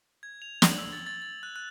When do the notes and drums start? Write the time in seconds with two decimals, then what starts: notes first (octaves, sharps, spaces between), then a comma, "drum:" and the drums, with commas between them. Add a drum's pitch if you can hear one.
0.23 G#6
0.42 F7
0.62 F#7, drum: snare
0.78 E6
0.93 A6
1.07 A6
1.22 A6
1.43 F#6
1.56 F#6